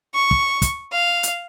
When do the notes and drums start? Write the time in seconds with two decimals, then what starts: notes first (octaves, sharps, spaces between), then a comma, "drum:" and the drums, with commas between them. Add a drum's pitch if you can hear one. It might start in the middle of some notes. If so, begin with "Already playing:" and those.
0.14 C#6
0.31 drum: kick
0.62 drum: kick, hi-hat
0.92 F5
1.23 drum: hi-hat